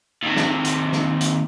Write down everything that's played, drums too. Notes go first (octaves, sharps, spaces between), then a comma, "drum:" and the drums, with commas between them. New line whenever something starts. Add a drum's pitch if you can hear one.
D#2 C3
drum: snare
drum: hi-hat
drum: snare
drum: hi-hat